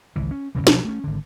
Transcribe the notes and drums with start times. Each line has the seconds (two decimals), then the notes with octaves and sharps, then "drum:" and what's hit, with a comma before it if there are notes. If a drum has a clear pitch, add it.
0.16 G#1 C#2 E3
0.31 C#4
0.55 F#2 A2 C#3 E3
0.67 B2 F3 F#3 A#3, drum: snare
0.85 A3 C#4
1.04 G#1 D3